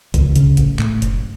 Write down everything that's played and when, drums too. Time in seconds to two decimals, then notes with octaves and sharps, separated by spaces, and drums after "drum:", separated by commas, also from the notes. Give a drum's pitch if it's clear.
0.14 C#2, drum: kick, hi-hat
0.36 C#3, drum: hi-hat
0.57 A1, drum: hi-hat
0.79 A2, drum: clap
1.02 F#1, drum: hi-hat